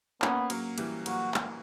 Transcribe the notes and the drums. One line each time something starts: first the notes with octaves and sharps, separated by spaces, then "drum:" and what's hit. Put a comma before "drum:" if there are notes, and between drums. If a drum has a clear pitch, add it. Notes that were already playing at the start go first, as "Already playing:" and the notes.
A#3 B3 C#4, drum: clap
F#3 A#3, drum: cymbal
E3 G3, drum: cymbal
F#3 A#3 F#4, drum: cymbal
drum: clap